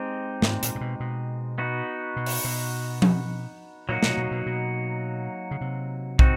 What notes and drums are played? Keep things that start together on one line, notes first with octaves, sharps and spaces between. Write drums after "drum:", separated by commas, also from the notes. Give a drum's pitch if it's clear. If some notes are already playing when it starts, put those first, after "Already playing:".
Already playing: G#3 C4 D#4 G4 C5
G#2, drum: snare
A#2, drum: hi-hat
A#2
B2
B2
B3 D#4 F#4
B2
drum: open hi-hat
B2
drum: tom F3
A#2 F#3 A#3 D#4 F#4
B2, drum: snare
B2
B2
B2
C#3
C3
C4 D#4 F#4, drum: kick